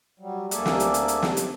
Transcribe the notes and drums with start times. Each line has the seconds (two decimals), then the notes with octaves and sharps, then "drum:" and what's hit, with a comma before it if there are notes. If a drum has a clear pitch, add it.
0.19 F#3 G3
0.51 D2 A#3 G#4 A4 D5 E5, drum: hi-hat
0.65 drum: snare
0.80 drum: hi-hat
0.94 drum: hi-hat
1.08 drum: hi-hat
1.22 drum: snare
1.37 drum: hi-hat